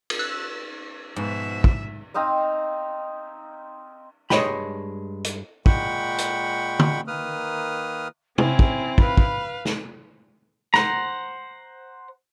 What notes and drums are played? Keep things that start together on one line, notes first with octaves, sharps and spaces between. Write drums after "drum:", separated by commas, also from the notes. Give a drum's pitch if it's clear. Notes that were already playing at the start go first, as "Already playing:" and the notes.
drum: cymbal
E6 F#6
G#2 B2 F3 E5 E7
drum: kick
C4 D#4 F5 D#6
G2 G#3 C#5 D#5 G5 B5, drum: snare
drum: hi-hat
A#2 G#3 F#5 G5 B5 C#6, drum: kick
drum: hi-hat
drum: tom D3
D#3 A#3 B4 D#6 F6
C4 C#4 E4 G#5, drum: tom
drum: kick
B4 F5 B5, drum: kick
drum: kick
drum: snare
C5 F#5 A#5, drum: snare